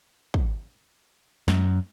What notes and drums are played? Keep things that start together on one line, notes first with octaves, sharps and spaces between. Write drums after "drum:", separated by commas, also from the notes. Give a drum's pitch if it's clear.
drum: kick
F#2, drum: snare